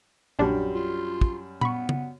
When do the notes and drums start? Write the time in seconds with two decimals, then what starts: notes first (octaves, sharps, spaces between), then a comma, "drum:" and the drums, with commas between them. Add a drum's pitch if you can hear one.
0.39 A#1 F#2 G3 D4
0.75 F4
1.21 drum: kick
1.61 B3 B5 C#6, drum: tom A#2
1.89 drum: tom